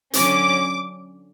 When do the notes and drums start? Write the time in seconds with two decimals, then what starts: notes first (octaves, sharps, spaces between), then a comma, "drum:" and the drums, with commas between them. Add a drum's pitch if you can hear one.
0.13 D3 F#3 C#4 D6, drum: hi-hat